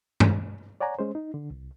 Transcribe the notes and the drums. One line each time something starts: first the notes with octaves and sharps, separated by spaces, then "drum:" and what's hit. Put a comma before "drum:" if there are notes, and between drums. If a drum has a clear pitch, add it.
drum: tom
C#5 D5 F#5 G#5 A#5
G#3 C#4 C5
D#4
D3
C2